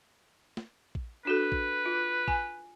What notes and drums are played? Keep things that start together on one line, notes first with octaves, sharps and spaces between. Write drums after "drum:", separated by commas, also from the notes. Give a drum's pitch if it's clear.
drum: snare
drum: kick A#1
D4 F#4 A4 B4
drum: kick A#1
F4
G#5, drum: kick A#1